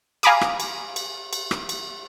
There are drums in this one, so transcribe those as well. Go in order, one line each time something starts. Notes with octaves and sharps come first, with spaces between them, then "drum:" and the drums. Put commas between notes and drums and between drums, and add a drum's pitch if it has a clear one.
F5 G#5 A#5 B5 D6 D#6, drum: cymbal
drum: rim click
drum: cymbal
drum: cymbal
drum: cymbal
drum: rim click
drum: cymbal